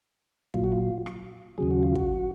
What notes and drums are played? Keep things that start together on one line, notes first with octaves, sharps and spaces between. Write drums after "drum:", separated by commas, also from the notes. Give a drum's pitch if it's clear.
A#2 F#3 F4, drum: kick
F#4
F4
drum: rim click
D#2 C#3 F#3 G#4
F#4
F4
F#4, drum: kick